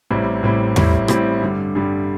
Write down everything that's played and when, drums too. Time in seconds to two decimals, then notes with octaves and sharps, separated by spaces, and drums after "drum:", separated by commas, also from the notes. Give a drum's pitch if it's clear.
0.11 A1 A2 G3 C4 E4
0.43 A1 A2 G3 C4 E4
0.76 A1 A2 G3 C4 E4, drum: tom E2
1.08 A1 A2 G3 C4 E4, drum: rim click
1.41 G2 D3 G3
1.75 G2 D3 G3